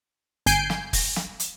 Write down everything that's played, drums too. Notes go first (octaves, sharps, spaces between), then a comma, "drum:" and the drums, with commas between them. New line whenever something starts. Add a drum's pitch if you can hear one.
G1 G#5 G6 C7 D7, drum: hi-hat
drum: snare
drum: kick, open hi-hat
drum: snare
drum: hi-hat